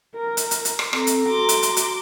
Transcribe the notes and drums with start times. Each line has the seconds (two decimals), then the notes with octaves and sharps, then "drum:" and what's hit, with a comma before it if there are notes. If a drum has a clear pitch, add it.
0.16 A#4
0.37 drum: hi-hat
0.51 drum: hi-hat
0.65 drum: hi-hat
0.79 drum: rim click
0.93 C4 A4 A#5, drum: rim click
1.07 drum: hi-hat
1.28 F#4 C6 D6
1.49 drum: hi-hat
1.63 drum: hi-hat
1.77 drum: hi-hat